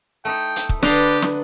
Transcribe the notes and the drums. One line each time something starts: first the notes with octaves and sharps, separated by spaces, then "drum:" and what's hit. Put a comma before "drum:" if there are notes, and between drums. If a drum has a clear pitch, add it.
A3 D#4 E4 G5
drum: hi-hat
drum: kick
D3 D4 G4 B4 D#5 A#5 C6, drum: snare
drum: snare